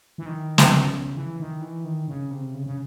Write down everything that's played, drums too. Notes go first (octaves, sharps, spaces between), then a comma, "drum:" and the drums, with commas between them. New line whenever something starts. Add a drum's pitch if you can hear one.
E3
D#3
drum: snare
C#3
E3
D#3
E3
D#3
C#3
C3
C#3
C#3